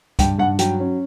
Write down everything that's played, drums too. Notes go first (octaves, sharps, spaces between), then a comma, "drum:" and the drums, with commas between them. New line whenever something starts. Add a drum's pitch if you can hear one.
G2 G5, drum: kick, hi-hat
G2 F#5
F#3 G5, drum: hi-hat
C#4